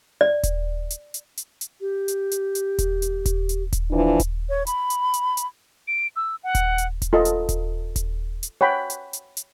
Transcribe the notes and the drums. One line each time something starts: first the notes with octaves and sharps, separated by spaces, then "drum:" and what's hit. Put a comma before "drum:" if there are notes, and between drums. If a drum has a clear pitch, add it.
D5
drum: kick D#1, hi-hat
drum: hi-hat
drum: hi-hat
drum: hi-hat
drum: hi-hat
G4
drum: hi-hat
drum: hi-hat
drum: hi-hat
drum: kick D#1, hi-hat
drum: hi-hat
drum: kick D#1, hi-hat
drum: hi-hat
drum: kick D#1, hi-hat
E3 F3 D4
drum: kick D#1, hi-hat
C#5
B5, drum: hi-hat
drum: hi-hat
drum: hi-hat
drum: hi-hat
D7
E6
F#5
drum: kick D#1, hi-hat
drum: hi-hat
drum: kick D#1, hi-hat
F4 A4 D#5
drum: hi-hat
drum: kick D#1, hi-hat
drum: kick D#1, hi-hat
drum: hi-hat
C#5 F#5 G5 B5
drum: hi-hat
drum: hi-hat
drum: hi-hat